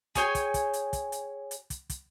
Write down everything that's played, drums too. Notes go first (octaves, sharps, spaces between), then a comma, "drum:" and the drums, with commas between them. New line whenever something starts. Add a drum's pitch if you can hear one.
G#4 C#5 G5 G#5, drum: kick, hi-hat
drum: kick, hi-hat
drum: kick, hi-hat
drum: hi-hat
drum: kick, hi-hat
drum: hi-hat
drum: hi-hat
drum: kick, hi-hat
drum: kick, hi-hat